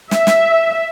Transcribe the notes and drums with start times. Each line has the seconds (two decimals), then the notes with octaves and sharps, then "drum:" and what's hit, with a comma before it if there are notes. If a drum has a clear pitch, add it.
0.11 E5, drum: snare
0.27 drum: snare